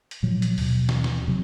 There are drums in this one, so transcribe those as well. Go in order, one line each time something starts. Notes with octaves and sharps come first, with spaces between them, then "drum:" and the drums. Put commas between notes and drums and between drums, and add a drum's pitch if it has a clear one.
drum: hi-hat
A#2 F3 F#3
drum: hi-hat
D#2 B2, drum: open hi-hat
drum: snare
drum: snare
C3 F#3